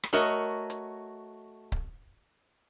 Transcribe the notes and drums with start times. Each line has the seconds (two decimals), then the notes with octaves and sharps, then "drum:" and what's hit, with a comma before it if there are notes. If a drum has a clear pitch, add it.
0.03 drum: rim click
0.13 A3 F#4 A#4 C#5 D#5
0.70 drum: hi-hat
1.72 drum: kick C#1